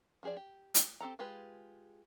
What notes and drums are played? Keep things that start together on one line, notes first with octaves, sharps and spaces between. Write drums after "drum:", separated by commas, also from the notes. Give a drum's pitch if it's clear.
F3 G4 G#4 C5 D5
G4
drum: hi-hat
C4 G4 A4 A#5
G#3 F4 G4 G#4 B4